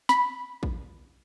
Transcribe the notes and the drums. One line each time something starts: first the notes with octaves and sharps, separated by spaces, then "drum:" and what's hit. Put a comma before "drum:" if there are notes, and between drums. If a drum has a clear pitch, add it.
B5, drum: snare
drum: kick A#1